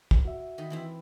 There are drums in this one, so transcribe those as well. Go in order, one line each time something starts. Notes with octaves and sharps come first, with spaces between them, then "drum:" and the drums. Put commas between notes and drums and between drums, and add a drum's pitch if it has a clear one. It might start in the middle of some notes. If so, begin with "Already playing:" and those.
drum: kick
F#4 E5
D#3 D#5 B5
E3 C4 E4